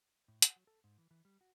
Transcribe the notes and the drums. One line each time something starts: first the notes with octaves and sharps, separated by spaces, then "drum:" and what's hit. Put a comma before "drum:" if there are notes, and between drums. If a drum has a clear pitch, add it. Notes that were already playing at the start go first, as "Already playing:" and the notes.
A2
F#5, drum: hi-hat
F#3
A4
G#2
E3
E3
G3
F#4